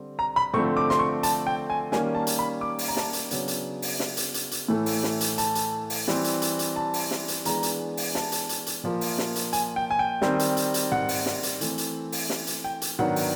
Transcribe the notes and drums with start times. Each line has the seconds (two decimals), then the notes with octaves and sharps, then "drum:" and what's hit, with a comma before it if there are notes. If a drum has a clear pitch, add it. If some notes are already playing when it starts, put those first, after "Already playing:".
Already playing: D3 G3 C4
0.19 A#5
0.36 B5
0.53 D3 F3 A3 C4 C#6, drum: tom G#2
0.77 D6
0.90 C6, drum: snare
0.99 C#6
1.23 A5, drum: hi-hat
1.47 G5
1.70 G#5
1.92 D#3 G3 A#3 C#4 G#5, drum: snare
2.15 A5
2.27 drum: hi-hat
2.39 B5
2.61 D6
2.79 drum: open hi-hat
2.88 A#5
2.96 A5, drum: snare
3.13 drum: hi-hat
3.31 C#3 F#3 B3 D4, drum: hi-hat
3.48 drum: hi-hat
3.82 drum: open hi-hat
4.00 drum: snare
4.17 drum: hi-hat
4.34 drum: hi-hat
4.51 drum: hi-hat
4.68 A2 E3 A3
4.86 drum: open hi-hat
5.03 drum: snare
5.21 drum: hi-hat
5.38 A5, drum: hi-hat
5.55 drum: hi-hat
5.90 drum: open hi-hat
6.08 E3 G3 C4, drum: snare
6.24 drum: hi-hat
6.42 drum: hi-hat
6.59 drum: hi-hat
6.76 A5
6.94 drum: open hi-hat
7.11 drum: snare
7.28 drum: hi-hat
7.45 E3 G#3 B3 D4 A#5, drum: hi-hat
7.63 drum: hi-hat
7.97 drum: open hi-hat
8.15 A5, drum: snare
8.32 drum: hi-hat
8.49 drum: hi-hat
8.66 drum: hi-hat
8.84 A#2 F3 A#3
9.01 drum: open hi-hat
9.18 drum: snare
9.36 drum: hi-hat
9.53 G#5, drum: hi-hat
9.76 G5
9.90 G#5
9.99 G5
10.22 D#3 G3 C4, drum: snare
10.39 drum: hi-hat
10.57 drum: hi-hat
10.74 drum: hi-hat
10.92 F#5, drum: tom G#2
11.09 drum: open hi-hat
11.26 drum: snare
11.43 drum: hi-hat
11.61 E3 A3 C4, drum: hi-hat
11.78 drum: hi-hat
12.12 drum: open hi-hat
12.30 drum: snare
12.47 drum: hi-hat
12.64 G5
12.82 drum: hi-hat
12.99 D#3 F#3 B3 D4 F#5, drum: tom G#2
13.16 drum: open hi-hat